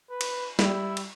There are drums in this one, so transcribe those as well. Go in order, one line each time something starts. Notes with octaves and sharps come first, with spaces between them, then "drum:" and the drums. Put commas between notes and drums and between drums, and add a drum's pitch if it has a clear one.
B4
drum: cymbal
G3 E4, drum: snare
drum: cymbal